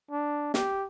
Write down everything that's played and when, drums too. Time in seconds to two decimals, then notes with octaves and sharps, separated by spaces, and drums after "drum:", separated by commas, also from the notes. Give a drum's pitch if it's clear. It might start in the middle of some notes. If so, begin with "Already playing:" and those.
0.11 D4
0.54 G4, drum: snare